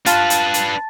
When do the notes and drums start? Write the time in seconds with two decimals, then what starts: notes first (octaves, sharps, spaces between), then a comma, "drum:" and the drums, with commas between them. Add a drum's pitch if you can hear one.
0.06 D4 F4 B4 A5 A6, drum: hi-hat
0.30 drum: hi-hat
0.54 drum: hi-hat